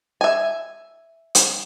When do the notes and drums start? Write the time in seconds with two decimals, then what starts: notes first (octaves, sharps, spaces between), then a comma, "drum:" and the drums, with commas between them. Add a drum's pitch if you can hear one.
0.21 E5 G#5
1.35 drum: hi-hat